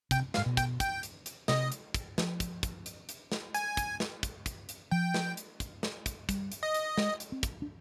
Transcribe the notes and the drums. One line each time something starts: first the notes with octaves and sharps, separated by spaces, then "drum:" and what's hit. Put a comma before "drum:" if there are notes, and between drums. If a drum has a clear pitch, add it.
C3 G5, drum: kick, hi-hat
F5, drum: snare
G#2
B2
G5, drum: kick, hi-hat
G5, drum: kick, hi-hat
drum: hi-hat
drum: hi-hat
C3 D#5, drum: snare
drum: hi-hat
drum: kick, hi-hat
F3, drum: snare
drum: kick, hi-hat
drum: kick, hi-hat
drum: hi-hat
drum: hi-hat
drum: snare
G#5, drum: hi-hat
drum: kick, hi-hat
drum: snare
drum: kick, hi-hat
drum: kick, hi-hat
drum: hi-hat
F3 G5
drum: snare
drum: hi-hat
drum: kick, hi-hat
drum: snare
drum: kick, hi-hat
G3, drum: kick, hi-hat
drum: hi-hat
D#5
drum: hi-hat
G#3, drum: snare
drum: hi-hat
C4
drum: kick, hi-hat
D4